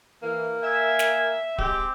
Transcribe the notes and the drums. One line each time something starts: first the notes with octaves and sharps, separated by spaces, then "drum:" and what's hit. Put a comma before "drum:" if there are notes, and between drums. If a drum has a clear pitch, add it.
E3 A#3
E5 G#5
drum: snare
G#3 C4 G4, drum: kick D1